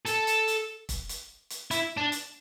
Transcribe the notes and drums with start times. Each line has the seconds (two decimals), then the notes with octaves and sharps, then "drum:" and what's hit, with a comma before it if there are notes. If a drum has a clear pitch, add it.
0.06 A4, drum: hi-hat
0.27 drum: hi-hat
0.48 drum: hi-hat
0.89 drum: kick, hi-hat
1.09 drum: hi-hat
1.50 drum: hi-hat
1.71 E4, drum: hi-hat
1.98 D4
2.12 drum: hi-hat